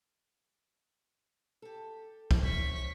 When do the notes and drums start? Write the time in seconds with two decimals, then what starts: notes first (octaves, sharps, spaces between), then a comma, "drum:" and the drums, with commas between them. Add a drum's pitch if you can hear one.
1.62 G4 A4
2.31 drum: kick C2
2.43 F#2 C5 C#6 B6